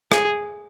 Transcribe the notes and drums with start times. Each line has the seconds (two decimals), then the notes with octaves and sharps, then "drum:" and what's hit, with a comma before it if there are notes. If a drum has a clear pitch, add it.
0.12 G#4, drum: rim click